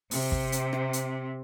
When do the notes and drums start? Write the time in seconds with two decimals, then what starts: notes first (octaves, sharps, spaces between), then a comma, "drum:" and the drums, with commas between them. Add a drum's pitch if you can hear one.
0.11 C3, drum: open hi-hat
0.32 drum: kick
0.52 drum: hi-hat
0.73 drum: rim click
0.93 drum: hi-hat